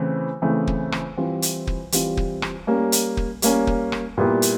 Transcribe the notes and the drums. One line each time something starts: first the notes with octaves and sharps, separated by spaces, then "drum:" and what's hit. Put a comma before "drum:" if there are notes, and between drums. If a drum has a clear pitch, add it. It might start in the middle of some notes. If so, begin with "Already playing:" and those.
Already playing: C#3 E3 A3 C4
C#3 E3 A3 C4
drum: kick
drum: rim click
E3 G3 C4 F4
drum: hi-hat
drum: kick
E3 G3 C4 F4, drum: hi-hat
drum: kick
drum: rim click
G3 A#3 C#4
drum: hi-hat
drum: kick
G3 A#3 C#4, drum: hi-hat
drum: kick
drum: rim click
A#2 G3 B3 E4 G4
drum: hi-hat